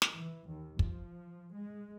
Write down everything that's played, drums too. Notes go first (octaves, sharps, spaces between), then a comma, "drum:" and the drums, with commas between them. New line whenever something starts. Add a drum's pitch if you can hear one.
drum: snare
E3
D#2
F3, drum: kick
G#3